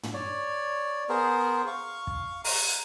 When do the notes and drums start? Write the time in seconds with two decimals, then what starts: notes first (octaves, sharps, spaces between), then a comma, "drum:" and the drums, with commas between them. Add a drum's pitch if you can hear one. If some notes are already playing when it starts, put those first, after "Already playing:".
0.03 drum: tom
0.14 C#5 D5
1.09 B3 G#4 A#4 C5
1.67 F5 C#6
2.07 drum: kick
2.44 A#5, drum: open hi-hat